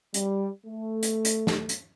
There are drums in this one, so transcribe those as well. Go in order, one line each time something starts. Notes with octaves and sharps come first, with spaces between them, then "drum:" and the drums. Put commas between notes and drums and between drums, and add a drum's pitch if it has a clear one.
G3, drum: hi-hat
A3
drum: hi-hat
drum: hi-hat
drum: snare
drum: hi-hat